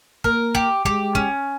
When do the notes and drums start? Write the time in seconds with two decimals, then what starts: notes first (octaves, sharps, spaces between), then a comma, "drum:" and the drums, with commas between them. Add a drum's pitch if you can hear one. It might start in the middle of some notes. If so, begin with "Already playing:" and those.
0.24 A#3 A#4, drum: kick
0.55 G4, drum: kick
0.85 G#3 G4, drum: kick
1.15 C#4, drum: kick